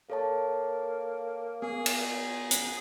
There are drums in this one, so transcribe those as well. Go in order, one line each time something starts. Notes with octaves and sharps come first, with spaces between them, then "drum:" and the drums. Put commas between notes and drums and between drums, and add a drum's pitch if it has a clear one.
A#3 A4 C#5 A5
B3 G#4
drum: cymbal
drum: hi-hat